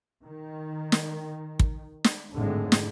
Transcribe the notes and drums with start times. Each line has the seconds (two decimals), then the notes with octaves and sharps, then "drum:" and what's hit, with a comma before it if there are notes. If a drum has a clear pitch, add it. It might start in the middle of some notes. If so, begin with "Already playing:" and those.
0.25 D#3
0.92 drum: snare
1.60 drum: kick
2.04 drum: snare
2.35 G#1 F2 A2 D3 G#3
2.72 drum: snare